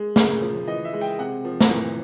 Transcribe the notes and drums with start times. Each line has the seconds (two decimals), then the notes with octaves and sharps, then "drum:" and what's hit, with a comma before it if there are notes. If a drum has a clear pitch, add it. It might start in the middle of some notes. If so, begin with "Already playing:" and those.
Already playing: G#3
0.16 C#3, drum: snare
0.41 F3
0.67 E3 D#5
0.85 E5
0.93 G#3
1.01 G5, drum: tambourine
1.19 C3 F#5
1.45 F3
1.61 drum: snare
1.70 E3